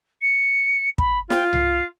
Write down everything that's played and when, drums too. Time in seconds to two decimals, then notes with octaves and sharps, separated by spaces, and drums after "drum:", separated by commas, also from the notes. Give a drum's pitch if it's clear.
0.22 C#7
0.98 B5, drum: kick
1.30 F4 G5, drum: snare
1.53 C7, drum: tom C2